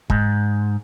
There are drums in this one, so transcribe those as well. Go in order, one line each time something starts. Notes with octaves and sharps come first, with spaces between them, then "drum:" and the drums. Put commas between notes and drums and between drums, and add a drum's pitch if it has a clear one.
G#2, drum: kick